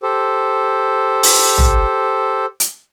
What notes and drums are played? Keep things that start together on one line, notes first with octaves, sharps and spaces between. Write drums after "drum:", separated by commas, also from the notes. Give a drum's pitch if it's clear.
G4 A4 C5
drum: open hi-hat
drum: tom A1
drum: hi-hat